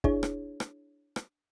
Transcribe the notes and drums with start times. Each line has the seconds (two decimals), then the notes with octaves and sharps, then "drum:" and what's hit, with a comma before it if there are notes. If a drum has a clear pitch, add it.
0.04 D4 E4 G#4 C#5, drum: kick
0.23 drum: rim click
0.60 drum: rim click
1.16 drum: rim click